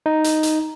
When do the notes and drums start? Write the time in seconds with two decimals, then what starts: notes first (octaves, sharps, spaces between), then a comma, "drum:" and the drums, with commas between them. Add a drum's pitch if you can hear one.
0.06 D#4
0.24 drum: hi-hat
0.43 drum: hi-hat